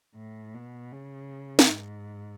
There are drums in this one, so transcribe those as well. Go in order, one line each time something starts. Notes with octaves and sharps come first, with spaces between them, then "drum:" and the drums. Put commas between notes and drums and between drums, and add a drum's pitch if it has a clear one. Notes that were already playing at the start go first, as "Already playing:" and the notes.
A2
B2
C#3
drum: snare
G#2